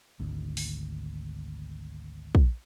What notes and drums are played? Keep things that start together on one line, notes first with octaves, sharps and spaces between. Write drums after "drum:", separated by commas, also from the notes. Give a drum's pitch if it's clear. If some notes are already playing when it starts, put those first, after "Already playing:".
G#1 D2
drum: open hi-hat
drum: kick